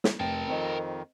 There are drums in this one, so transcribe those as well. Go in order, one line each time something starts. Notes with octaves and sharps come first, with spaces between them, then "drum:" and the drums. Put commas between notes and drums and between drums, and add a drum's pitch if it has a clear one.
drum: snare
F1 A#4 G5 A5
F2 D#3 C4 D#5